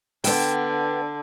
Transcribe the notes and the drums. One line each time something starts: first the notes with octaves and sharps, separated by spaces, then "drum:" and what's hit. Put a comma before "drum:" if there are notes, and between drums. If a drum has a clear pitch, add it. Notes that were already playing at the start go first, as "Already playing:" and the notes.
D3 B3 G5, drum: open hi-hat